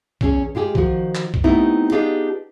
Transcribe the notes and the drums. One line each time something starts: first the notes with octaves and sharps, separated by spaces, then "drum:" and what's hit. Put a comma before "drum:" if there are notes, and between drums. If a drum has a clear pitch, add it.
E2 C#4 G#4, drum: kick
G#3 F4 G4 G#4
D#3 F3 F#4, drum: kick
drum: clap
drum: kick
A3 B3 C4 D#4 E4 G4
B3 D4 D#4 F4 G4 G#4